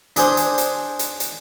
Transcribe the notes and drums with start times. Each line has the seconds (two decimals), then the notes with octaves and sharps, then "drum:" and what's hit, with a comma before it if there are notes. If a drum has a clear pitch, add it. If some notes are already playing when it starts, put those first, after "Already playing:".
0.16 D4 G#4 C5, drum: hi-hat
0.37 drum: hi-hat
0.58 drum: hi-hat
0.99 drum: hi-hat
1.20 drum: hi-hat